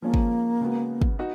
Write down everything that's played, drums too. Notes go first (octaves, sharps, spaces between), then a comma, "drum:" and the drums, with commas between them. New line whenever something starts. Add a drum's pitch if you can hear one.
F3 G#3 A#3 C#4 F4
drum: kick
C#3 G#3 B3 F#4
drum: kick
B3 D#4 F#4